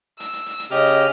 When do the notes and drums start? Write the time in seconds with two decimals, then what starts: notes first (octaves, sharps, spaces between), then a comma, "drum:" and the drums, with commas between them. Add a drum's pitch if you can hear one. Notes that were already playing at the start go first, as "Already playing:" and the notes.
0.20 E6, drum: hi-hat
0.33 drum: hi-hat
0.46 drum: hi-hat
0.59 drum: hi-hat
0.71 C#3 G4 D#5 F6, drum: hi-hat
0.86 drum: hi-hat